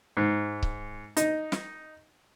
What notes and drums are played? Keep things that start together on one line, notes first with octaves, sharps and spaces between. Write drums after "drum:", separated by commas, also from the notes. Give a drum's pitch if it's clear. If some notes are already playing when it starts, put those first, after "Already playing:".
G#2
drum: kick C#1
D#4, drum: hi-hat
drum: snare